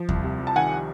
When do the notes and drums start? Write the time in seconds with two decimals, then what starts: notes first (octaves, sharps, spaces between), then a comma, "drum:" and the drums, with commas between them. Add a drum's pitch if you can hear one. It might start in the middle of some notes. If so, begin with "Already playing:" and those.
Already playing: F3
0.09 C2, drum: kick D#2
0.24 C3
0.40 G3
0.47 A5
0.56 D#3 F#5 G#5